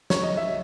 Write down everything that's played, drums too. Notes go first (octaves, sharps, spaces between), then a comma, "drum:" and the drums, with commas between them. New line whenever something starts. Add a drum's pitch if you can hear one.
C#5, drum: snare
D#5
E5